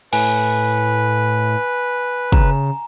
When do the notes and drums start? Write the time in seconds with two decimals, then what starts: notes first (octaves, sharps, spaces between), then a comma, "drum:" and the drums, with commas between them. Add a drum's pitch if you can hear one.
0.13 A2 B4 G#5, drum: cymbal
2.32 C#3 A#5, drum: kick